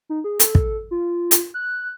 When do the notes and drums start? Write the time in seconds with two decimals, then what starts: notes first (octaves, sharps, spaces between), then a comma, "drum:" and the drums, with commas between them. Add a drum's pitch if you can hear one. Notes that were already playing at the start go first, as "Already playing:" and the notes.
0.09 D#4
0.24 G#4
0.40 A4, drum: hi-hat
0.55 drum: kick
0.91 F4
1.31 drum: hi-hat
1.54 F#6